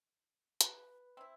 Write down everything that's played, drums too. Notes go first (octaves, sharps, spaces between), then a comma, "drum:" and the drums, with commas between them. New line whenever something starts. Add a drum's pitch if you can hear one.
B4, drum: hi-hat
C4 E4